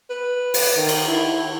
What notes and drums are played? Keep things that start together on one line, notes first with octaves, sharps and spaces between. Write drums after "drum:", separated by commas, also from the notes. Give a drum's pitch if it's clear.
B4
drum: open hi-hat
D#3
drum: cymbal
E4